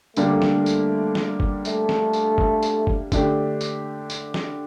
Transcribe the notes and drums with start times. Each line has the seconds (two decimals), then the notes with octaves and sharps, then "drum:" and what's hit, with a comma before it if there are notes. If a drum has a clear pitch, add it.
0.17 D3 G3 A3 A#3 D4 G4, drum: tambourine
0.42 drum: snare
0.66 drum: tambourine
1.15 drum: snare
1.40 drum: kick
1.65 A3, drum: tambourine
1.89 drum: snare
2.13 drum: tambourine
2.38 drum: kick
2.63 drum: tambourine
2.87 drum: kick
3.12 D3 A3 D4 G4, drum: kick, tambourine
3.61 drum: tambourine
4.10 drum: tambourine
4.34 drum: snare